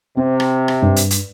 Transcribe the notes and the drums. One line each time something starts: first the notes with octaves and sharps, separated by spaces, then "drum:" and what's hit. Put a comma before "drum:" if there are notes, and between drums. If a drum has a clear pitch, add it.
C3 C4
drum: rim click
drum: rim click
G2
drum: hi-hat
drum: hi-hat